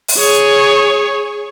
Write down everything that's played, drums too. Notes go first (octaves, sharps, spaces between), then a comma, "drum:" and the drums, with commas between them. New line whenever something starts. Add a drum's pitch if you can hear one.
drum: open hi-hat
G#4 C#5